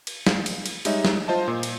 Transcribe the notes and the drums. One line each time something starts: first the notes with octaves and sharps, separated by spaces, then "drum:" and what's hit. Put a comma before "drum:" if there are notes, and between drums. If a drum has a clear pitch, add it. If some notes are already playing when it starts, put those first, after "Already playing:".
drum: cymbal
drum: snare
drum: cymbal
drum: cymbal
G3 G#3 D#4 C#5 D#5 E5, drum: cymbal
drum: snare
F4 C5 D#5 A5
A#2
drum: cymbal